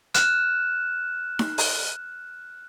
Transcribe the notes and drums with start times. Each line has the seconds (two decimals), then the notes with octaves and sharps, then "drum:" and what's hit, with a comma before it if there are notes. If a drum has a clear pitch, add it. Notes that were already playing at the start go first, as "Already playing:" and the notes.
0.14 F6 F#6 E7, drum: hi-hat
1.39 drum: snare D#4
1.58 drum: open hi-hat